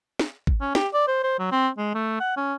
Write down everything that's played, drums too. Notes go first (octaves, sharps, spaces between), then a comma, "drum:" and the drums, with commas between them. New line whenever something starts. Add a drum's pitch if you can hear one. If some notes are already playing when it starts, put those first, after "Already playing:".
drum: snare
drum: kick G#1
C#4
G4, drum: snare
D5
C5
C5
F#3
C4
G#3
A3
F#5
C#4